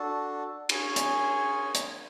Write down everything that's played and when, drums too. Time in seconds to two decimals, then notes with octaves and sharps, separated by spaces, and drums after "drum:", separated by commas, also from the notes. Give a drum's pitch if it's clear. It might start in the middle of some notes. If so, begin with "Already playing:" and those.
Already playing: D4 F#4 A4
0.69 C#4 G#4 C#5 G#5, drum: cymbal
0.96 drum: hi-hat
1.75 drum: hi-hat